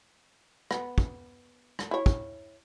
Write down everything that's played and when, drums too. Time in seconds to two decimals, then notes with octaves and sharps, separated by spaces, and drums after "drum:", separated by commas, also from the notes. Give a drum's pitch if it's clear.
0.71 B3, drum: rim click
0.98 drum: kick
1.79 drum: rim click
1.91 E4 C#5
2.06 drum: kick